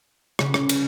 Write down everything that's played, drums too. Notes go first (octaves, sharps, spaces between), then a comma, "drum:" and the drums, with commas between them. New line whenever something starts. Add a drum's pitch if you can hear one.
C#3, drum: rim click
drum: rim click
drum: cymbal